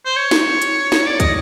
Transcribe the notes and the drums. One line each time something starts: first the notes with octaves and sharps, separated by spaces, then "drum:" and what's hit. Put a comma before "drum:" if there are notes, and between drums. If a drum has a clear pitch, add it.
C5
C#5
drum: snare
drum: hi-hat
drum: snare
D5
D#5, drum: kick, hi-hat